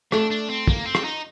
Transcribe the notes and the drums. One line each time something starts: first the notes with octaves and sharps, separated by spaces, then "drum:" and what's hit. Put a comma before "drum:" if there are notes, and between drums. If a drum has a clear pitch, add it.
A3 D4, drum: rim click
D4
C4
A#3, drum: kick
C4
drum: rim click
D#4